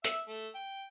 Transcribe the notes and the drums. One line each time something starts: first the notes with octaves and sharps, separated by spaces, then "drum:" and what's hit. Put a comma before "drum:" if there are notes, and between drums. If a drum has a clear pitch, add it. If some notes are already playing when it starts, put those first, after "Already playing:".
E5, drum: hi-hat
A3
G5